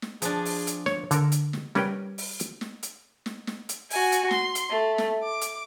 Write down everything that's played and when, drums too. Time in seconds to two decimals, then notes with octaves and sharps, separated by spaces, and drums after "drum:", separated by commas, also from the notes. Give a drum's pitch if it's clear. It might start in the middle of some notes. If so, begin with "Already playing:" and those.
0.02 drum: snare
0.22 F3 D4 G#4, drum: hi-hat
0.45 drum: open hi-hat
0.67 drum: hi-hat
0.86 C#5, drum: snare
1.11 D3 A4 A#4, drum: hi-hat
1.32 drum: hi-hat
1.53 drum: snare
1.75 G3 C#4 A#4 B4 D5 G5, drum: snare
2.18 drum: open hi-hat
2.39 drum: hi-hat
2.61 drum: snare
2.83 drum: hi-hat
3.26 drum: snare
3.47 drum: snare
3.69 drum: hi-hat
3.90 F#4 G#5, drum: open hi-hat
4.12 drum: hi-hat
4.31 C6, drum: snare
4.55 drum: hi-hat
4.70 A3
4.98 drum: snare
5.24 D6
5.41 drum: hi-hat